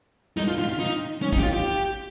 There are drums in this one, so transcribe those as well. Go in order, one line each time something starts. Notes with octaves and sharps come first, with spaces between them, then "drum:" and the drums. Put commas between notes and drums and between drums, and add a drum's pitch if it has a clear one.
D#4, drum: snare
F4
F4, drum: cymbal
F4
D#4
C#4
D#4, drum: kick
G4
F4
G4